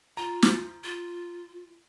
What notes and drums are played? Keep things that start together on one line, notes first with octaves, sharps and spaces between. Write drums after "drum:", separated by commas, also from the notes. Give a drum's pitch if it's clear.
F4 A#5
drum: snare
F4